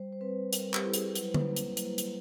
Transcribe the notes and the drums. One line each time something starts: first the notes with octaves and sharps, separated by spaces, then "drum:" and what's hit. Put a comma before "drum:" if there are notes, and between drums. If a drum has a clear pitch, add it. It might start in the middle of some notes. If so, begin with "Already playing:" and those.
Already playing: G3 C5
C5
C4 B4
G3 A#4, drum: hi-hat
G4, drum: clap
E4 A4
G#4, drum: hi-hat
F#3 B4, drum: hi-hat
C5
B4, drum: tom D3
A#3
drum: hi-hat
E4 B4, drum: hi-hat
drum: hi-hat